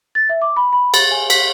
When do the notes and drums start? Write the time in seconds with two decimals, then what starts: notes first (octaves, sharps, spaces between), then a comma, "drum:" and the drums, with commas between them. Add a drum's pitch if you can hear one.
0.15 A6
0.29 E5
0.42 D6
0.56 B5
0.73 B5
0.94 A6, drum: cymbal
1.11 G#5
1.30 B6, drum: cymbal